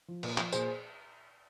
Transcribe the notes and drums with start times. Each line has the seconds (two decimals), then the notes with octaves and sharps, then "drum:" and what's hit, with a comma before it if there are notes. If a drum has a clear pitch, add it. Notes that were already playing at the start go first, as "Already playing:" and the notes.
0.08 F3
0.23 A#2, drum: cymbal
0.38 F3, drum: clap
0.52 A#2 G#4 C5, drum: tambourine